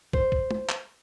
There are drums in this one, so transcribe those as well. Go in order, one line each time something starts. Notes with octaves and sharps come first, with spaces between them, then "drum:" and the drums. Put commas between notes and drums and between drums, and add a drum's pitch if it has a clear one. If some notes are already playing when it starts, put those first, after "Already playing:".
C5, drum: kick
drum: kick
drum: tom
drum: clap